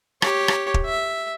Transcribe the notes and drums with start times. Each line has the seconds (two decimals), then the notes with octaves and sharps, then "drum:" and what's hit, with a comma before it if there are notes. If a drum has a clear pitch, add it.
0.22 G4 C#5, drum: rim click
0.48 drum: rim click
0.74 drum: kick
0.86 E5